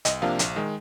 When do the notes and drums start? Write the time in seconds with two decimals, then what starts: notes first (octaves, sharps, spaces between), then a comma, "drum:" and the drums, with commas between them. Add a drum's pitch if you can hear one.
0.05 C2 D#5, drum: hi-hat
0.22 C3 F3 A#3 D4 F5
0.39 A#1, drum: hi-hat
0.56 D#3 G#3